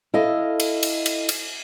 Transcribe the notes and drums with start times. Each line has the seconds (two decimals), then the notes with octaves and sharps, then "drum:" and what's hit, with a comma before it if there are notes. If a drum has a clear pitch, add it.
0.14 E4 A4 D#5 F5
0.60 drum: cymbal
0.83 drum: cymbal
1.06 drum: cymbal
1.29 drum: cymbal